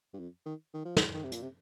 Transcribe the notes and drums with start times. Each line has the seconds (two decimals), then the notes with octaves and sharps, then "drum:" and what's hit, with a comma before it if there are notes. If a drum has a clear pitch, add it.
0.13 G2
0.19 F2
0.46 D#3
0.74 D#3
0.85 F3
0.97 D#3, drum: snare
1.14 D#3
1.24 C3
1.32 A#2, drum: hi-hat
1.42 C3